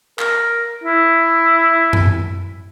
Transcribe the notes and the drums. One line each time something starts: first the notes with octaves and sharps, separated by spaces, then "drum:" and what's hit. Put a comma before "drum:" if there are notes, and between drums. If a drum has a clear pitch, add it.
A#4, drum: clap
E4
drum: tom F#2